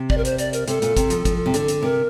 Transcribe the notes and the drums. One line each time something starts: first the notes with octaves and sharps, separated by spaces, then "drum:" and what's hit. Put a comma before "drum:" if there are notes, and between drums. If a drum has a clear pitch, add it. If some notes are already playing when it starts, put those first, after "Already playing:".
Already playing: C3
D5, drum: kick
A#4
C5, drum: hi-hat
D5, drum: hi-hat
A#4, drum: hi-hat
C3 A4, drum: hi-hat
A#2, drum: hi-hat
C3, drum: kick, hi-hat
F3, drum: hi-hat
F3, drum: kick, hi-hat
C3
D3, drum: hi-hat
drum: hi-hat
C3 A#4